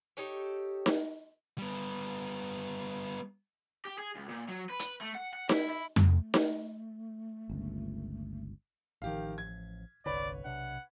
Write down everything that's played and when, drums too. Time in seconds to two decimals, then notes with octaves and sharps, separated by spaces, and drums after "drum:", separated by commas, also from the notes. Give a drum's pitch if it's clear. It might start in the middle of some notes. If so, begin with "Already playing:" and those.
0.17 D#4 G4 A4 C#5
0.86 drum: snare D#4
1.58 G3 B3
3.85 G4
3.98 G#4
4.16 C#2
4.29 A#2
4.49 F#3
4.70 B4
4.79 drum: hi-hat
5.01 A3
5.15 F#5
5.33 F#5
5.49 E4, drum: snare D#4
5.70 E4
5.96 A3, drum: tom F2
6.34 drum: snare D#4
7.50 G1 C#2
9.02 A1 D#3 F3 G4 F5
9.38 G#6
10.06 G1 C2 D3 B4 C#5 D5 B5
10.45 B1 C3 D4 F#5